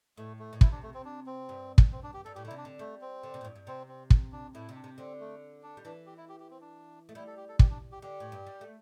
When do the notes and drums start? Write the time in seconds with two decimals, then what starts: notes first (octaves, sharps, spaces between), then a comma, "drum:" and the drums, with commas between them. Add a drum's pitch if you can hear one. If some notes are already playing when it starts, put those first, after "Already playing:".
0.17 A2 A3
0.39 A3
0.53 A2
0.61 C3 E4, drum: kick
0.72 D4
0.83 A3
0.94 C4
1.05 D4
1.26 C4
1.49 G2
1.78 drum: kick
1.92 C4
2.03 D4
2.14 G4
2.25 G2 A4
2.35 A2 G4
2.45 D3
2.47 E4
2.51 C3
2.57 D4
2.65 D3
2.79 G3 A3
3.01 C4
3.23 D3
3.34 C3
3.41 A2
3.44 G2
3.56 G2
3.67 C3 C4
3.88 C4
4.10 drum: kick
4.32 D4
4.54 A2 E4
4.69 C3
4.75 D4
4.84 C3
4.98 D3 C4
5.20 A3
5.63 D4
5.77 G3
5.85 E3 D4
6.06 G4
6.17 E4
6.29 G4
6.40 G4
6.50 C4
6.61 D4
7.09 A3
7.15 G3 E4
7.27 A4
7.37 G4
7.49 A4
7.59 G4, drum: kick
7.70 D4
7.92 G4
8.02 D3 G4
8.20 A2
8.32 G2
8.46 G3
8.61 A3